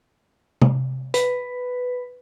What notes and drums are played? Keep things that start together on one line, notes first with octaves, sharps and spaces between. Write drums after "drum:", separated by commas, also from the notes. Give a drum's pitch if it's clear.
drum: tom
B4, drum: hi-hat